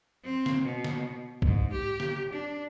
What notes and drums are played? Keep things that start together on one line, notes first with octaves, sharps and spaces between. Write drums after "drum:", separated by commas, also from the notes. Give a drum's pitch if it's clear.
C4
drum: snare
B2
drum: snare
G#2, drum: kick
G4
drum: snare
D4